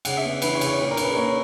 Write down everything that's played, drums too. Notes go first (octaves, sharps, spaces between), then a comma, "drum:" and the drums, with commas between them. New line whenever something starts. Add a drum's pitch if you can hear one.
C#3 F#5, drum: cymbal
E5
B3
E3 B4, drum: cymbal
C#5
C#3, drum: cymbal
C#5
A#2 B4
A#4
C#4, drum: cymbal
B4
A#3 C#5